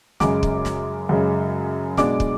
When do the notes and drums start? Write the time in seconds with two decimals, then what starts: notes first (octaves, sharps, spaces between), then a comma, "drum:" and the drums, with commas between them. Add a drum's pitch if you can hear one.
0.20 F#2 C#3 G#3 D6, drum: snare
0.43 drum: kick
0.65 drum: snare
1.09 F#2 C#3 G#3
1.97 B2 G#3 D4 D6, drum: snare
2.20 drum: kick